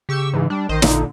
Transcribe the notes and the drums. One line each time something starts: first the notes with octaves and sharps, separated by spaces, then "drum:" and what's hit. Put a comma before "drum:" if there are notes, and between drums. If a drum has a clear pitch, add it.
C#3 G4 C#6 E6
G#2 E3
G3 D4
A1 D#3 C5 D#5
A#2 D3 D#4, drum: snare